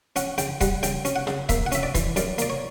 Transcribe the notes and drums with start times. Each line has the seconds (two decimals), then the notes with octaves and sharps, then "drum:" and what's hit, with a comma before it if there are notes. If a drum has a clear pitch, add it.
0.16 C#4 F#5, drum: hi-hat
0.38 C#3 G5, drum: hi-hat
0.61 G3 F#5, drum: kick C#1, hi-hat
0.83 C#3 G5, drum: hi-hat
1.05 C#4, drum: hi-hat
1.16 F#5
1.27 C#3, drum: snare
1.49 A#3 E5, drum: kick C#1, hi-hat
1.66 F#5
1.72 C#4 E5, drum: hi-hat
1.83 D5
1.95 E3, drum: kick C#1, hi-hat
2.16 F#2 D5, drum: hi-hat
2.38 A#3 D5, drum: hi-hat
2.50 C#5